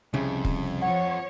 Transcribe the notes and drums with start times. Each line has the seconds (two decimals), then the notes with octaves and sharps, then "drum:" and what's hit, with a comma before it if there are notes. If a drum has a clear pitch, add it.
0.14 C2 F2 C#3
0.45 drum: kick
0.82 F3 C#5 F#5